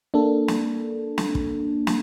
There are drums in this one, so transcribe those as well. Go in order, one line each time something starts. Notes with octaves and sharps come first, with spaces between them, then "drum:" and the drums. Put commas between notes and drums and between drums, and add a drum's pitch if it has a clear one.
A#3 D4 A4
drum: snare
drum: snare
drum: kick
drum: snare